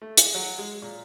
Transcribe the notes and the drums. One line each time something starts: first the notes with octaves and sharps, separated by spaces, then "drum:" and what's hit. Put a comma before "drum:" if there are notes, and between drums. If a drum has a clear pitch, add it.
A3
G#4, drum: hi-hat
F#3
G#3
A#2